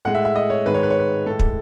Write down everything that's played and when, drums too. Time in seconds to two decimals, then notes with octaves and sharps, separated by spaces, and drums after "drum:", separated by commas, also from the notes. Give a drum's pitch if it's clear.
0.05 A2 G#3 F#5
0.15 E5
0.25 E5
0.36 D#5
0.50 C#5
0.66 G#2 D#3 G#3 B4
0.74 C#5
0.83 B4
0.90 C#5
1.00 B4
1.26 A2 G#3 A4
1.39 drum: kick